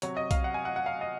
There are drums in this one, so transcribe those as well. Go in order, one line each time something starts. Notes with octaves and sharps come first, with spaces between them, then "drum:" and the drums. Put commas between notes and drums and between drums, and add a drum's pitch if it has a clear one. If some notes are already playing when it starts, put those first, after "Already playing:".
C3 F#3 C#5, drum: hi-hat
D#5
F5, drum: kick B1, hi-hat
F#5
G#5
F#5
F#5
F5
D#5